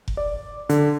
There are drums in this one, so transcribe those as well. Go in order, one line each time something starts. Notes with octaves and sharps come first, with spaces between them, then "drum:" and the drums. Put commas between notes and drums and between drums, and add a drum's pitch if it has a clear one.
drum: kick F1
D5
D3, drum: hi-hat